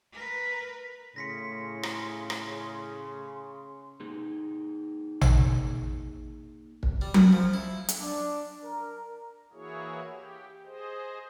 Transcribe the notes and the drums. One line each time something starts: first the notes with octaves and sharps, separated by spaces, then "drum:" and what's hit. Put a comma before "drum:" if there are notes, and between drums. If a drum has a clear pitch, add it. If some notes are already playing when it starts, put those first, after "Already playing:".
A#4 B4
A2 C#3 C6 A#6 B6 C#7
drum: rim click
drum: rim click
A#3 D#4 G#4
drum: tom A1
drum: kick
G3
F#5, drum: tom F#3
F3
E4
drum: hi-hat
D4
A#4
E3 A#3 E4 F#4 G#4 C#5
G4
G#4 C5 D#5